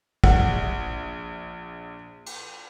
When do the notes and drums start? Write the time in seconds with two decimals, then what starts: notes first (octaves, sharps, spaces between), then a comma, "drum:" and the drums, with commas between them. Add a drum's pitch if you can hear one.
0.24 A#1 F#5, drum: kick
2.26 drum: cymbal